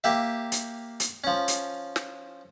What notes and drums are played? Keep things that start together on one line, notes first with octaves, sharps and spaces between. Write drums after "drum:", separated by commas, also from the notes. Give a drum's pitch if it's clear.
A#3 G4 E5
drum: hi-hat
drum: hi-hat
F3 C#4
drum: hi-hat
drum: snare